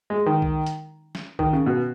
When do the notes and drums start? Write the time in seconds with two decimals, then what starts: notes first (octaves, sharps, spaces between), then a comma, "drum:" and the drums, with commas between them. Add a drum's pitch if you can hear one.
0.10 G#3
0.26 D#3
0.42 drum: kick
0.66 drum: hi-hat
1.15 drum: snare
1.39 D#3, drum: kick
1.53 C#3
1.66 B2